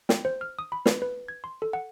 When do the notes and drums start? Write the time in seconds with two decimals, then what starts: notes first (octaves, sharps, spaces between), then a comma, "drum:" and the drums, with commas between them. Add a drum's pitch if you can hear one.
0.09 G5, drum: snare
0.25 C5
0.41 F6
0.59 D#6
0.72 B5
0.86 B4, drum: snare
1.02 B4
1.28 G#6
1.44 C6
1.62 A4
1.73 F#5